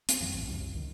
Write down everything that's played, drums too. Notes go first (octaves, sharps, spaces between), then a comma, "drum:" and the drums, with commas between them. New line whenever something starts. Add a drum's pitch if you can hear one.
C4, drum: hi-hat
F2 E3 G3
A#1 A2
C2 F#2 C#3
C2
C#2 D#3